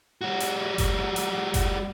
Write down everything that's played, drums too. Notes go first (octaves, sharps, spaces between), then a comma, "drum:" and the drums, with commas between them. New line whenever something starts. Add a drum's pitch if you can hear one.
G3 F#4
drum: hi-hat
drum: kick F#1, hi-hat
drum: hi-hat
drum: kick F#1, hi-hat